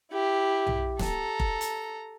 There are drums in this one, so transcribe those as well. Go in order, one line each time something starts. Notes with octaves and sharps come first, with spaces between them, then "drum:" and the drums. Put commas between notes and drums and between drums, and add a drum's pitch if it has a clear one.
E4 G4
drum: tom B1
A4 A#5, drum: snare
drum: kick F1
drum: hi-hat